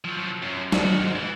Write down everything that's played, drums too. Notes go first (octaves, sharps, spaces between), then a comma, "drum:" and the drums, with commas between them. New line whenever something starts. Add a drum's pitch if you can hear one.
F3 F#3
F#2
D#3 F#4, drum: snare
G#2
E3 E4